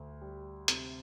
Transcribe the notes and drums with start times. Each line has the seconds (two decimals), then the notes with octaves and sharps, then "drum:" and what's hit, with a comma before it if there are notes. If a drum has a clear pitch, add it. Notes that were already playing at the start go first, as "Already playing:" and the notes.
Already playing: D2
0.21 G3
0.68 C3, drum: hi-hat